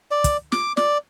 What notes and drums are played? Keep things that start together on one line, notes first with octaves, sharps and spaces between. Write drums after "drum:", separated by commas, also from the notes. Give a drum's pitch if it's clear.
D5
drum: kick, hi-hat
D6, drum: snare
D5, drum: snare